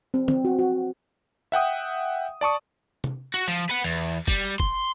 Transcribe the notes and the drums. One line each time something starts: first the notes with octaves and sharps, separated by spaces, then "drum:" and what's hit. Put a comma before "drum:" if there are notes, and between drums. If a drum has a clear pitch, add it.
C4
C4, drum: tom
F#4
F#4
E5 F#5 G5 D#6
D5 A5 C#6 D#6
drum: tom
F#4
F3
B4 F#5
E2, drum: cymbal
G3, drum: kick
C6, drum: kick